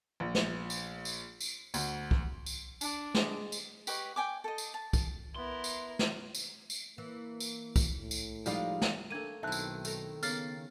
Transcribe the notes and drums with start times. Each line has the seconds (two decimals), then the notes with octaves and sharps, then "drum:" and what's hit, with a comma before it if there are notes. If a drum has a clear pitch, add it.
0.20 A#1
0.35 drum: snare
0.70 drum: tambourine
1.05 drum: tambourine
1.41 drum: tambourine
1.74 D2, drum: tambourine
2.11 drum: kick
2.46 drum: tambourine
2.81 D4, drum: tambourine
3.15 G#3, drum: snare
3.52 drum: tambourine
3.87 G4 B4 C#5 D#5, drum: tambourine
4.16 G5 G#5 D6
4.44 A4 D#5
4.58 drum: tambourine
4.74 A5
4.93 drum: kick, tambourine
5.36 B3 E4 A#4 C6
5.64 drum: tambourine
5.99 drum: snare
6.35 drum: tambourine
6.70 drum: tambourine
6.98 E3 A#3
7.40 drum: tambourine
7.76 drum: kick, tambourine
7.98 A2
8.11 drum: tambourine
8.46 F3 G3 G#3 D#4 F4, drum: tambourine
8.82 drum: snare
9.10 A3 A#3 D4 G#6 D#7
9.43 B1 D#3 C4 E4 E5 A5 F#6
9.52 drum: tambourine
9.85 A3 A#5, drum: tambourine
10.23 C#3 A#3 B3 F6 A6 C7, drum: tambourine